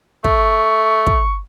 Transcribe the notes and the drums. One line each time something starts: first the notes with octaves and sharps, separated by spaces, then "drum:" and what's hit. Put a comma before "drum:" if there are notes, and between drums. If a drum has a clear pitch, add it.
A3 C#6, drum: kick
drum: kick